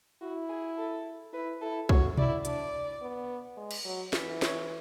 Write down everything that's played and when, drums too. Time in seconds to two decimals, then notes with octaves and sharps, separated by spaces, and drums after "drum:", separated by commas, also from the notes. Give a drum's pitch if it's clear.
0.21 E4 F#4
0.49 G#4
0.78 A4
1.33 E4 B4
1.61 E4 A4
1.89 F#4 C#5, drum: kick
2.17 E4 D5, drum: tom B2
2.45 D4 D5, drum: hi-hat
3.02 B3
3.57 G#3
3.71 drum: cymbal
3.85 F#3
4.13 E3 E5, drum: snare
4.42 C#5, drum: snare